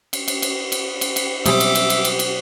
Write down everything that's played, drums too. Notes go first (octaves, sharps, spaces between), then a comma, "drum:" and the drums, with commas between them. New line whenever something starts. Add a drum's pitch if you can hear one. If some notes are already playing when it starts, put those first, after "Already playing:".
drum: cymbal
drum: cymbal
drum: cymbal
drum: cymbal
drum: cymbal
drum: cymbal
B2 F#3 G3 C4 G4 E5 D6 D#6, drum: cymbal
drum: cymbal
drum: cymbal
drum: cymbal
drum: cymbal
drum: cymbal